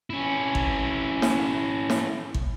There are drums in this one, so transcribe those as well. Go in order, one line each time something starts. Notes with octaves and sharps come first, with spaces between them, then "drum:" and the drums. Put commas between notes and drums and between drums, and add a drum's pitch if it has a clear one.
C#4 E4
drum: kick
drum: snare
drum: snare
drum: kick